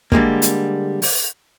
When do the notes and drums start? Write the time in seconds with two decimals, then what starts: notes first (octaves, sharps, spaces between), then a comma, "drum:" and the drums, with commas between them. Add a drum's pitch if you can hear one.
0.12 D3 G3 G#3 A#3, drum: kick
0.42 drum: hi-hat
1.02 drum: open hi-hat